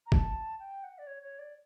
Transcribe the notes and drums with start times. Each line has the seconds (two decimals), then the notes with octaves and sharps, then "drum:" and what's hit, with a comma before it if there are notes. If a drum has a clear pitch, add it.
0.06 A#5
0.12 A5, drum: kick
0.59 G5
0.83 F#5
0.98 D5
1.06 C#5
1.22 C#5
1.38 D5